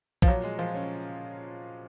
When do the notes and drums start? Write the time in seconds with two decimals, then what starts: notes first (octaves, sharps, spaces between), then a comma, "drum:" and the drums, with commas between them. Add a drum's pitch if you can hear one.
0.22 F3, drum: kick
0.28 A#2 F#3
0.43 G#3
0.59 F3 F4
0.74 C#4